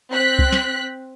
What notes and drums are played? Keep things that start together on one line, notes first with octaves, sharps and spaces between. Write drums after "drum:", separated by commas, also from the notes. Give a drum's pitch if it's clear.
C4 F#6 B6
drum: kick C2
drum: snare